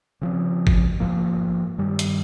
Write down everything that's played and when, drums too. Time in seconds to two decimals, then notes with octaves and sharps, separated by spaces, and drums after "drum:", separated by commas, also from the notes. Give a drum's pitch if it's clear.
0.21 C#3 F3 C4
0.67 drum: kick
1.00 G#2 F3 A#3
1.78 G2 D#3 G3
1.99 drum: hi-hat